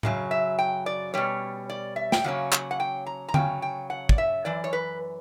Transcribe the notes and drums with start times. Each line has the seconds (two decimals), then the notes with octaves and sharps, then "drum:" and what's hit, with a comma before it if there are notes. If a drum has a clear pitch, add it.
0.03 F#2 C#3 F#3, drum: tom A2
0.31 E5
0.59 G5
0.86 D5
1.14 B2 G3 C#4 C#5
1.70 D5
1.96 E5
2.12 G5, drum: snare
2.24 C#3 F#3 A#3 C#4 F#5
2.52 F#5, drum: clap
2.71 F#5
2.80 G5
3.06 A#5
3.28 A#5
3.34 C#3 F#3 C#4 G5, drum: tom D3
3.62 G5
3.90 F#5
4.09 D5, drum: kick
4.18 E5
4.45 F#2 E3 D5
4.64 C#5
4.73 B4